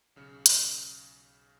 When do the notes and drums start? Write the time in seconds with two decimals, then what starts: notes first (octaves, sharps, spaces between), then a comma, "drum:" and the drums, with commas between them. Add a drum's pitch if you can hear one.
0.16 B1 C#3 F6 C#7
0.46 drum: hi-hat